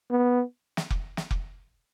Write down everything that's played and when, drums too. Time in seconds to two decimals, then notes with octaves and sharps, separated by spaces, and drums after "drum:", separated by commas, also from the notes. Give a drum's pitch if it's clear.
0.11 B3
0.77 drum: snare
0.90 drum: kick F1
1.17 drum: snare
1.31 drum: kick F1